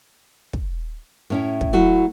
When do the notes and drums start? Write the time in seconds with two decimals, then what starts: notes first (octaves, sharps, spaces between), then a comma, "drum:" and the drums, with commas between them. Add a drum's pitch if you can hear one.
0.53 drum: kick
1.30 A2 C#4 E4
1.61 drum: kick
1.73 F#3 A3 E4 F#4